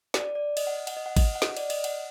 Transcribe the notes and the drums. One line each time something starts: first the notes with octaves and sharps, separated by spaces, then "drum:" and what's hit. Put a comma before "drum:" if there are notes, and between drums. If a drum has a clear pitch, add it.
D5, drum: snare
D5
D#5, drum: cymbal
F#5
D#5
F#5, drum: cymbal
D#5
F#5
D#5, drum: kick G#1, cymbal
F#5
D#5, drum: snare
D5, drum: cymbal
D#5, drum: cymbal
F#5, drum: cymbal